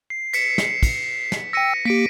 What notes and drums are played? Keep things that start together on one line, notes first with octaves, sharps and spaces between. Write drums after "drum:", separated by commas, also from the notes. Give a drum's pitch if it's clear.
C7
B6 C#7 E7, drum: cymbal
drum: snare
drum: kick, cymbal
drum: snare
G5 E6 A#6 C#7 D#7
A#3 G4 B6 D7